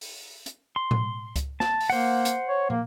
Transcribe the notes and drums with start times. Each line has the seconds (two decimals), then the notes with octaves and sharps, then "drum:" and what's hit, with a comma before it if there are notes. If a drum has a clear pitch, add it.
0.01 drum: open hi-hat
0.46 drum: hi-hat
0.76 C6
0.91 drum: tom A2
1.36 drum: kick C#2, hi-hat
1.60 A5, drum: snare
1.80 drum: open hi-hat
1.90 A#3 C5 F#5
2.25 drum: hi-hat
2.49 C#5
2.70 A#3, drum: tom